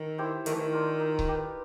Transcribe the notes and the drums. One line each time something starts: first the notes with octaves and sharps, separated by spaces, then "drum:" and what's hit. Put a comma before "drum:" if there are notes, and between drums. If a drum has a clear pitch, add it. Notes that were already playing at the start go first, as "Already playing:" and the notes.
Already playing: D#3 A4
E4 G4 C5
D#3 A3, drum: hi-hat
E3
D#3
D4 F4 A#4
D#4
drum: kick C#1
G4 B4